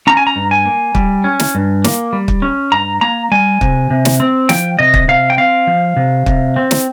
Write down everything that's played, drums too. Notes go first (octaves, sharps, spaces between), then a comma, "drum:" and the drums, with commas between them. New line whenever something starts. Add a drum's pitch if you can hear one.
C#4 A#5
G#5
A#5
G2
G#5
A#3
G3, drum: kick
C#4
drum: snare
G2
A#3, drum: snare
G3
drum: kick
C#4
G2 A#5
A#3 A#5
G3 G#5
C3, drum: kick
C3
drum: snare
C4
F3 G5, drum: snare
C3 D#5
drum: kick
C3 F5
G5
C4 F5
F3
C3
C3, drum: kick
C4
drum: snare